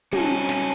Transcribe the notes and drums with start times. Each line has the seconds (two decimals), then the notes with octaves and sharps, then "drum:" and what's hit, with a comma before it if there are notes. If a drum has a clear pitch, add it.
0.13 G3 C4 C#4 D#4 F#4 A4, drum: tom
0.31 drum: hi-hat
0.49 drum: snare